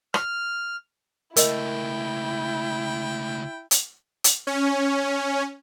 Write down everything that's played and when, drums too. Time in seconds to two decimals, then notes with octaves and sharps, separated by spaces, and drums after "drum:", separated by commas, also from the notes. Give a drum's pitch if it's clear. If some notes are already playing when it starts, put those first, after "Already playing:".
0.14 F6, drum: rim click
1.36 C#2 A3 E4 A#4 D#5 G5, drum: hi-hat
3.71 drum: hi-hat
4.24 drum: hi-hat
4.47 C#4